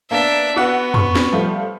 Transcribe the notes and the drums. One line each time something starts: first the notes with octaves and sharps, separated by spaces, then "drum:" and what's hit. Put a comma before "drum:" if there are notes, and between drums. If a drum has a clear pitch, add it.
A#3 B3 D4 E5
B3 F#4 F#5
B4 C#6, drum: tom
drum: snare
F3 G3 A3